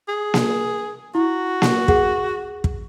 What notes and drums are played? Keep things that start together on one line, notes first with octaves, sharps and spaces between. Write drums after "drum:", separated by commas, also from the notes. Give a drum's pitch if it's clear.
G#4
drum: snare A#3
E4 F#4
drum: snare A#3
G#4 F#5, drum: kick
drum: kick